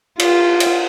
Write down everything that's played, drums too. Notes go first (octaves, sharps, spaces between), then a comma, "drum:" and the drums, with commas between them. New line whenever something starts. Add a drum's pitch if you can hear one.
F4, drum: cymbal
drum: cymbal